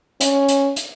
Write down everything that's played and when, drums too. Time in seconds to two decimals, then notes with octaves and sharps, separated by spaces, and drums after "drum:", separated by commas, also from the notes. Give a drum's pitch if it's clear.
0.21 C#4, drum: hi-hat
0.49 drum: hi-hat
0.76 drum: hi-hat